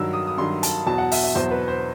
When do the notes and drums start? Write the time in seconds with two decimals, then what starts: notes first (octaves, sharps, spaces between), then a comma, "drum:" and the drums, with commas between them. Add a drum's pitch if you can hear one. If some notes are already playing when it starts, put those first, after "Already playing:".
Already playing: G2 D#3 F#3 E6
0.13 D#6
0.27 D#6
0.38 G2 D#3 F#3 C6
0.63 A5, drum: hi-hat
0.87 E2 B2 F#3 A5
0.98 F#5
1.11 E5, drum: open hi-hat
1.23 E5
1.35 E2 B2 F#3 C5
1.51 B4
1.68 C5